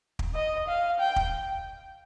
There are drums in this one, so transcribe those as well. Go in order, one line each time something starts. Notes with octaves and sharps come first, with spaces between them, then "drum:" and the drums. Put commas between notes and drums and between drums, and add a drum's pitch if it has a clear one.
drum: kick
D#5
F5
G5
drum: kick